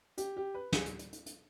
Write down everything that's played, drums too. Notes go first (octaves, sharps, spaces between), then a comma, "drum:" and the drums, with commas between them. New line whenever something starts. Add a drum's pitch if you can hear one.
G4, drum: hi-hat
G4
B4
G#4, drum: snare
drum: hi-hat
drum: hi-hat
drum: hi-hat
drum: hi-hat